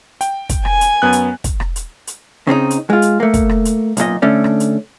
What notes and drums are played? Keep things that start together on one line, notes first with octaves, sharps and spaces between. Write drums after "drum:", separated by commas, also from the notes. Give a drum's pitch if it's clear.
G5, drum: hi-hat
drum: kick, hi-hat
G#5, drum: rim click
drum: hi-hat
F#2 B3 F#6
drum: hi-hat
drum: kick, hi-hat
drum: rim click
drum: hi-hat
drum: hi-hat
C#3 C4 C#4 D#4
drum: hi-hat
G#3 F4
drum: hi-hat
A3 A#3
drum: kick, hi-hat
drum: rim click
drum: hi-hat
B1 F#2 A#2 D#5, drum: hi-hat
D3 A3 C#4 D4
drum: rim click
drum: hi-hat